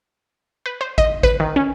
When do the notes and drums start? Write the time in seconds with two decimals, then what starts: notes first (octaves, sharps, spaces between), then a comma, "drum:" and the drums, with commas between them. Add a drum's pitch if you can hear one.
0.66 B4
0.81 C5
0.98 D#5, drum: kick A1
1.23 B4, drum: kick A1
1.40 D#3
1.56 C#4